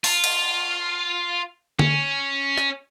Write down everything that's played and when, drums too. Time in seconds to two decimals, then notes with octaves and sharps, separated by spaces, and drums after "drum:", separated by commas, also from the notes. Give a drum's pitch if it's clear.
0.04 F4, drum: open hi-hat
0.24 drum: cymbal
1.79 C#4, drum: tom D3
2.58 drum: rim click